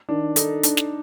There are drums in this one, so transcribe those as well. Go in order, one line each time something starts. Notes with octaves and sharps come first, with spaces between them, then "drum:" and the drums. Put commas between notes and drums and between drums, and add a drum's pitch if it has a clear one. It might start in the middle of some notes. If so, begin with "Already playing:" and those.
D#3 D4
D#4 A4, drum: hi-hat
D4, drum: hi-hat
drum: snare